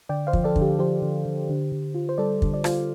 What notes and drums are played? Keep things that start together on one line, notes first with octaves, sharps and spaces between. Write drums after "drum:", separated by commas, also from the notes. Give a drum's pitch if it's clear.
D3 D5 G5
C5 F5
F3, drum: kick
A4 D5
D3, drum: kick
G4
F3 G4 C5
D3
D3
D3
D3
F4
C5
G3 A4 D5
D3, drum: kick
D5
F4 C5 F5, drum: rim click